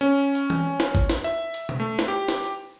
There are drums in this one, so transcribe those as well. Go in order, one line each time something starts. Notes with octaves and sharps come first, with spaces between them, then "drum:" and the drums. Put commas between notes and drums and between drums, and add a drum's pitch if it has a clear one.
C#4
drum: hi-hat
drum: tom E3
drum: snare
drum: kick, hi-hat
drum: snare
E5, drum: hi-hat
drum: hi-hat
drum: tom B2
A3
drum: snare
G4
drum: snare
drum: hi-hat